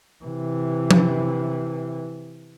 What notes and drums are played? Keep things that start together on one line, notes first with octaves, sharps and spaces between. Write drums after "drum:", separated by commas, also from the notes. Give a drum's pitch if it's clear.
C3 E3
drum: tom F3